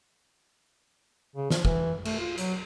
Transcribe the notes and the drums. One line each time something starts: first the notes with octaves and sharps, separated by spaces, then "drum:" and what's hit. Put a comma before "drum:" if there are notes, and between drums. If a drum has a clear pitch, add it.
C#3
F3, drum: snare
E3, drum: kick
A3, drum: cymbal
F4
F#3, drum: hi-hat